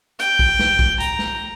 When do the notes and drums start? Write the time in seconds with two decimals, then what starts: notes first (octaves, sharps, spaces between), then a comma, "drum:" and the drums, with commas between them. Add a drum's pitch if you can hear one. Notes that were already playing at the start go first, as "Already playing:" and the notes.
0.19 G5, drum: hi-hat
0.39 drum: kick B1
0.59 drum: snare
0.79 drum: kick B1
1.00 A#5, drum: hi-hat
1.19 drum: snare